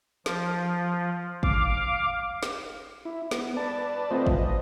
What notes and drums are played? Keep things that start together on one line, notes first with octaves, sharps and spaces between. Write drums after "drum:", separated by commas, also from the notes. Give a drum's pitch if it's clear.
F3, drum: snare
F5 D6, drum: kick
drum: snare
E4
B3, drum: snare
B4 D5 A5
A3 C4 F4 B4 C5 D#5
drum: kick
D#5